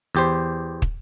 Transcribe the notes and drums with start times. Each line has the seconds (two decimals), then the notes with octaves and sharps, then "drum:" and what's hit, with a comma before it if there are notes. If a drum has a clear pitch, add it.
0.15 E2 G4 C5
0.82 drum: kick